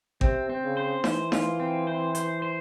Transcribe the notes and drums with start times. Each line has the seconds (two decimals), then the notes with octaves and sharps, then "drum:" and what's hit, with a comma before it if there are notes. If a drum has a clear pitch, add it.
0.21 C3 C4, drum: kick G#1
0.50 C4
0.64 C#3
0.77 C5
1.04 E3 C5, drum: snare D#4
1.32 F4, drum: snare D#4
1.60 C4
1.87 C5
2.15 C5, drum: hi-hat
2.42 C5